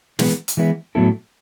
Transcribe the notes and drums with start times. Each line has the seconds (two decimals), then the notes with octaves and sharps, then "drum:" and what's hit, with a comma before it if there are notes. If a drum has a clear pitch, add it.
0.19 E3 G#3 B3 E4 B4, drum: snare
0.48 drum: hi-hat
0.57 E3 G#3 B3 E4 B4
0.95 A2 F#3 B3 E4 A4